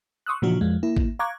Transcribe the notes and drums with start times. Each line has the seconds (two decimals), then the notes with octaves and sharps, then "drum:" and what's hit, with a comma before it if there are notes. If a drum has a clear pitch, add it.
0.26 C6 C#6 D#6 E6 F#6
0.42 A#2 C#3 E3 F3 D4 F#4
0.61 F2 F3 G#3
0.83 A#3 E4
0.97 drum: kick A1
1.19 F5 A#5 C#6 D6 F#6 G#6